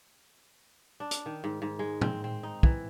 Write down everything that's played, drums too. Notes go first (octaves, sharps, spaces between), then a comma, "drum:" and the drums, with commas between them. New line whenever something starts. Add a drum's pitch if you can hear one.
D4
drum: hi-hat
D#3
G#2
G#2
G#3
C4, drum: tom A2
C4
D#4
E3, drum: kick